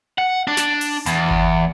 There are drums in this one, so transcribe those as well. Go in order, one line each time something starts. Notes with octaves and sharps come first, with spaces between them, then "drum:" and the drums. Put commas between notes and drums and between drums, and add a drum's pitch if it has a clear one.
F#5
D4
drum: snare
drum: open hi-hat
E2, drum: hi-hat
drum: kick G1